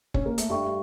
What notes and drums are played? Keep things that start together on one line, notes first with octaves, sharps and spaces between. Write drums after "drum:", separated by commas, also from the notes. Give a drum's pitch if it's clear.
C#4, drum: kick
A#3
A3, drum: hi-hat
G2 G3 D4 A4 E5 G5 C#6